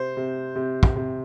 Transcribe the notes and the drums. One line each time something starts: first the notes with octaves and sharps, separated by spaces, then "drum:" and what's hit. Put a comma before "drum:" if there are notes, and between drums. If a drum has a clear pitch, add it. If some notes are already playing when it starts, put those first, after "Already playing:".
Already playing: C3 C5
C3
C3
drum: kick
C3